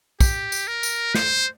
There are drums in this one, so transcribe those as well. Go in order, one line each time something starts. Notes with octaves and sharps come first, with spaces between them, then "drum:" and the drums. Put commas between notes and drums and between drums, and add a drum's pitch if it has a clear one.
G4, drum: kick, tambourine
drum: tambourine
A#4
drum: tambourine
C5, drum: snare